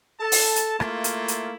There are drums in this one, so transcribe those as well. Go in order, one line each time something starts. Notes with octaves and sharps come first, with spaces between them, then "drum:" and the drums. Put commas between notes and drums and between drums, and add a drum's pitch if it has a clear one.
A4 A5
drum: open hi-hat
drum: hi-hat
A3 A#3 E4 F4, drum: rim click
drum: hi-hat
drum: hi-hat